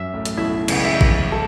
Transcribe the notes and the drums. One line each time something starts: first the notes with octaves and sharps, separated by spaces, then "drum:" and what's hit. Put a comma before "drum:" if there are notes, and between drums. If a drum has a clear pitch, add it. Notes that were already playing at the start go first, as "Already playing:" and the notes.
Already playing: F#2 E5
A1 A2
A2, drum: hi-hat
B1 B2 E4
C#2 C#3, drum: cymbal
E5
E2 E3, drum: kick A1
A4